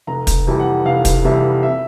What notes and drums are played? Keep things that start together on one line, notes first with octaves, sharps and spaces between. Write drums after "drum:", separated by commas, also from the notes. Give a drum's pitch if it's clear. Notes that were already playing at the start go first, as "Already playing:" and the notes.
F1 A#5
drum: kick, hi-hat
F2 C3 E3 G3
F#5
F1 F5
drum: kick, hi-hat
F2 C3 E3 G3 E5
E5